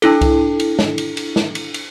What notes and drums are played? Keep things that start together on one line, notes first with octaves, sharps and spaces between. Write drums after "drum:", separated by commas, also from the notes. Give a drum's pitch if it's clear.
D4 E4 A4, drum: cymbal
drum: kick C2, cymbal
drum: cymbal
drum: snare
drum: cymbal
drum: cymbal
drum: snare
drum: cymbal
drum: cymbal